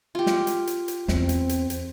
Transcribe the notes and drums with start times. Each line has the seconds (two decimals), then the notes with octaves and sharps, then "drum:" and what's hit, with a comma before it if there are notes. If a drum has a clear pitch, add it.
0.15 F4 G4
0.26 drum: snare
0.47 drum: hi-hat
0.67 drum: hi-hat
0.88 drum: hi-hat
1.08 E2 C4, drum: snare
1.29 drum: hi-hat
1.49 drum: hi-hat
1.70 drum: hi-hat